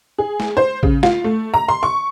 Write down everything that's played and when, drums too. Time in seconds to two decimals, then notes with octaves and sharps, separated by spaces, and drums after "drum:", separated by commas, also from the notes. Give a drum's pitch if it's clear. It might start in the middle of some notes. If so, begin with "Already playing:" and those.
0.18 G#4
0.40 drum: snare
0.57 C5
0.83 C#3, drum: kick A1
1.03 F4, drum: snare
1.24 A3
1.54 A#5
1.69 C6
1.83 C#6